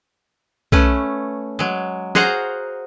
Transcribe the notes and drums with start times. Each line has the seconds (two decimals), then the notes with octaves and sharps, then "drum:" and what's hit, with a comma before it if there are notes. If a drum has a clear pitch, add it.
0.72 A3 C#4 B4, drum: kick B1
1.59 F#3 G#3
2.15 F#4 G#4 C5 F5 F#5 A#5, drum: snare